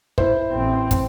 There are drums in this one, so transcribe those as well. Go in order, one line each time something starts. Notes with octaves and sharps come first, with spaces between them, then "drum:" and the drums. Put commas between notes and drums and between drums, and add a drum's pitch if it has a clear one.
E4 C5, drum: kick
A1 C4
drum: kick, hi-hat